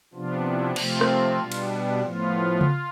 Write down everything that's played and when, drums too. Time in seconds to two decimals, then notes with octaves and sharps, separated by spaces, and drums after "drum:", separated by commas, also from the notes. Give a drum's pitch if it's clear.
0.14 C3 F3 B3 D4 F4
0.45 E4
0.76 C3 F3 A3 C4 F4, drum: cymbal
1.01 drum: rim click
1.39 B2 G3 B3 D4
1.52 drum: cymbal
2.02 A2 F3 B3 F4
2.61 drum: tom C#3